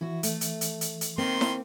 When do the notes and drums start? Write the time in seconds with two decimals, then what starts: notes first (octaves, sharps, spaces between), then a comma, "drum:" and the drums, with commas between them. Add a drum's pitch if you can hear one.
0.01 E3 E4 F#4
0.23 A3, drum: hi-hat
0.41 drum: hi-hat
0.61 drum: hi-hat
0.81 drum: hi-hat
1.01 drum: hi-hat
1.18 D#3 A#3 C4 C6
1.41 drum: snare E4